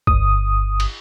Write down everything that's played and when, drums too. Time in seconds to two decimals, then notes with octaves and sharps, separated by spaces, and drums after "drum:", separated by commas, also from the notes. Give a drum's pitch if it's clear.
0.07 G1 D#6, drum: kick
0.80 drum: cymbal